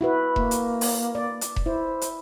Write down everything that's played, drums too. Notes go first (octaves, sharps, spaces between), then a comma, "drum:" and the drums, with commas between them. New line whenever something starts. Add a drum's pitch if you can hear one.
E4 F#4 B4
A#3, drum: kick E1
drum: hi-hat
drum: open hi-hat
D5
drum: hi-hat
drum: kick E1
E4 C5
drum: hi-hat